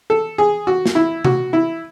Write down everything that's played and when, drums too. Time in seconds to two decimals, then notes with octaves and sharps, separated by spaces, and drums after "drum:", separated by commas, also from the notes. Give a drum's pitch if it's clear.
0.10 A4
0.38 G#4
0.67 F#4
0.86 drum: snare
0.95 E4
1.25 F#4, drum: tom C3
1.53 E4